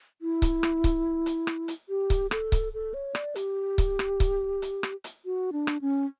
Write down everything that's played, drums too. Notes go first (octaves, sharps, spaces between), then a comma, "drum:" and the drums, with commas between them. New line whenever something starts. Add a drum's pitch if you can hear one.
E4
drum: kick C#1, hi-hat
drum: rim click
drum: kick C#1, hi-hat
drum: hi-hat
drum: rim click
drum: hi-hat
G4
drum: kick C#1, hi-hat
A4, drum: rim click
drum: kick C#1, hi-hat
A4
C#5
D5, drum: rim click
G4, drum: hi-hat
drum: kick C#1, hi-hat
drum: rim click
drum: kick C#1, hi-hat
drum: hi-hat
drum: rim click
drum: hi-hat
F#4
D4
drum: rim click
C#4